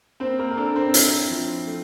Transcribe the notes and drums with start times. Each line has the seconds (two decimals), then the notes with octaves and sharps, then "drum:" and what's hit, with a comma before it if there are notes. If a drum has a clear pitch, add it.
0.20 A#3 C4 C5
0.39 A#3 A#4
0.51 A#4
0.57 D4 A4
0.76 C4 C5
0.94 E4, drum: hi-hat
1.30 F3
1.67 A3